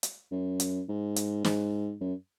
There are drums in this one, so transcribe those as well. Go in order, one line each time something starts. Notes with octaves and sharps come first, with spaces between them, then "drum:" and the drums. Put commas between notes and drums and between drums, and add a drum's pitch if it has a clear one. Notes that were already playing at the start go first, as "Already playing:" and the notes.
drum: hi-hat
F#2
drum: hi-hat
G#2
drum: hi-hat
G#2, drum: snare
F#2